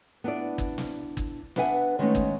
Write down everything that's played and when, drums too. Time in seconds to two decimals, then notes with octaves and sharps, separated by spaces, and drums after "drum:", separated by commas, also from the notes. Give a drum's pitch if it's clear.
0.24 B3 D4 E4 D5
0.58 drum: kick
0.78 drum: snare
1.17 drum: kick
1.56 B3 D4 B4 E5 F#5 G#5, drum: snare
1.99 D#3 G#3 A3 B3 C#4 D#4
2.15 drum: kick